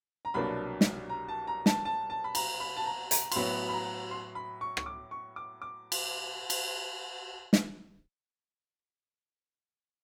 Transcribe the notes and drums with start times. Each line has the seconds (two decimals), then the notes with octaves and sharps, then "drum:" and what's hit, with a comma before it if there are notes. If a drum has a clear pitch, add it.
0.25 A#5
0.34 C2 B2 F#3 A#3 D4 B5
0.81 drum: snare
1.09 A#5
1.28 A5
1.47 A#5
1.66 A5, drum: snare
1.85 A5
2.10 A5
2.24 B5
2.35 A#5, drum: cymbal
2.60 B5
2.76 A5
2.86 A#5
3.11 A#5, drum: hi-hat
3.32 C6, drum: cymbal
3.35 A2 F#3 B3 B5
3.69 B5
3.73 A#5
4.11 C6
4.35 B5
4.61 C#6
4.77 C#6, drum: rim click
4.86 D6
5.11 C#6
5.36 D6
5.62 D6
5.92 drum: cymbal
6.50 drum: cymbal
7.53 drum: snare